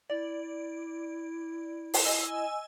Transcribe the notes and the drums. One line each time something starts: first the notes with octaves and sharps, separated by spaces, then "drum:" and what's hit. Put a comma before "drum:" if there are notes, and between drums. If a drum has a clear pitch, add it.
E4 D5
drum: open hi-hat
D#5 G#5 E6